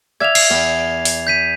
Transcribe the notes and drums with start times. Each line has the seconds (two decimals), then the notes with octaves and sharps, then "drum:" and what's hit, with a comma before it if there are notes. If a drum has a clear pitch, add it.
0.20 D5 E5 F5 G#6 F7
0.35 C7, drum: cymbal
0.50 E2
1.05 drum: open hi-hat
1.27 G6 B6 D#7